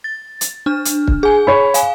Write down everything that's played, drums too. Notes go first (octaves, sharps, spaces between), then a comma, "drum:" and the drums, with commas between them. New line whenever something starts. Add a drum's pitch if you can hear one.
A6
drum: hi-hat
D4 F6
drum: hi-hat
drum: kick
G#4 G#5
C#5 B5
F5 G#5, drum: hi-hat